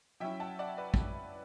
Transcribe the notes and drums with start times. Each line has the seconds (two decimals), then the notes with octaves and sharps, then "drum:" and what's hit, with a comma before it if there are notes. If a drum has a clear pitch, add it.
0.20 F#3 C#4 E4 E5 G5
0.40 F#5 A5
0.59 D5 F#5
0.78 B4 D5
0.94 drum: kick